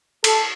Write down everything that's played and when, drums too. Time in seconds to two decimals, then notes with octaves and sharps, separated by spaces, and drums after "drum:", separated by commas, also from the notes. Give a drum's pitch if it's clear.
0.24 A4, drum: cymbal